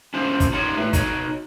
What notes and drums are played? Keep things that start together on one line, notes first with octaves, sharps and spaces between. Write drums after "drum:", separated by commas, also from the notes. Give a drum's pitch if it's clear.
C#4 D4 E4 F4 C5
drum: kick, hi-hat
D#4 F4 F#4 C#5 D5
A2 A3 B4
D#4 F#4 C#5 D#5, drum: kick, hi-hat